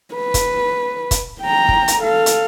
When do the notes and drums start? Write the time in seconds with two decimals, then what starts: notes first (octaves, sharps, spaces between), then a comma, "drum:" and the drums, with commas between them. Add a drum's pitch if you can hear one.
0.15 B4
0.34 drum: kick, hi-hat
1.11 drum: kick, hi-hat
1.41 G5 A#5
1.68 drum: kick
1.88 drum: hi-hat
2.01 A4 F5
2.26 drum: hi-hat